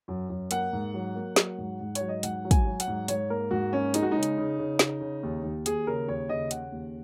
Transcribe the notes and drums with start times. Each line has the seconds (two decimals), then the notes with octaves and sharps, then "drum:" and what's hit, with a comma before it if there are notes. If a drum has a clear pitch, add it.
0.08 F#2
0.29 F#2
0.51 A#3 F#5, drum: hi-hat
0.73 G#2
0.94 F#3
1.15 A#3
1.36 F#3, drum: snare
1.58 G#2
1.80 G#2
1.95 C#5, drum: hi-hat
2.01 F#3
2.09 D#5
2.23 G#2 F#5, drum: hi-hat
2.45 F#3
2.51 G#5, drum: kick, hi-hat
2.65 F#3
2.80 F#5, drum: hi-hat
2.88 G#2
3.08 G#2 C#5, drum: hi-hat
3.30 A#3 A#4
3.51 G#2 F#4
3.73 A#3 C#4
3.94 G#3 D#4, drum: hi-hat
4.02 F#4
4.11 C#3 D#4
4.23 drum: hi-hat
4.38 C#3
4.59 C#3
4.79 C#3, drum: snare
5.01 C#3
5.23 D#2
5.43 D#2
5.66 D#2 G#4, drum: hi-hat
5.87 C#3 A#4
6.08 D#2 C#5
6.29 C#3 D#5
6.51 C#3 F#5, drum: hi-hat
6.72 D#2